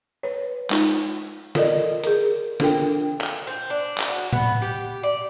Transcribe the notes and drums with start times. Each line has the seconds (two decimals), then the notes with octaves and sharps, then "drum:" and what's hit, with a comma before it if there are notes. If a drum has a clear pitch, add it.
0.23 B4 C#5
0.70 G#3 D#4 F4, drum: clap
1.55 F4 A4 A#4 D5 D#5, drum: snare
2.04 G#4 A#4, drum: hi-hat
2.60 D4 F4 A4 A#4 G5, drum: snare
3.21 drum: clap
3.47 C4
3.70 D4
3.98 drum: clap
4.08 F#4
4.33 B3, drum: tom A2
4.62 G4
5.03 D5